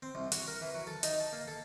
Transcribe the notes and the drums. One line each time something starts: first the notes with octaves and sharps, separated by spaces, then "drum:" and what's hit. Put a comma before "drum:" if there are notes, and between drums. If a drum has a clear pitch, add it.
C4
C2
F#4, drum: hi-hat
A#4
E3
F#3
A4
D#4, drum: hi-hat
A5
A#3
A4